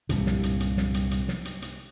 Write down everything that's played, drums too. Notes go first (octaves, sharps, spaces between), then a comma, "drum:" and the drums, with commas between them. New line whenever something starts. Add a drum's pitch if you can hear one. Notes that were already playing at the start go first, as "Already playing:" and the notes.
C2 G2 A#2, drum: hi-hat
drum: snare
drum: hi-hat
drum: hi-hat
drum: snare
drum: hi-hat
drum: hi-hat
drum: snare
drum: hi-hat
drum: hi-hat